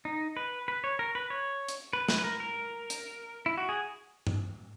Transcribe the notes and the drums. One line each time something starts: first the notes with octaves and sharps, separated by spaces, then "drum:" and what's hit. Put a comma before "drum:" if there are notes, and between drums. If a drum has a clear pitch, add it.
D#4
B4
B4
C#5
A#4
B4
C#5
drum: hi-hat
B4
B4, drum: snare
B4
A#4
A#4
drum: hi-hat
E4
F#4
G#4
drum: tom G2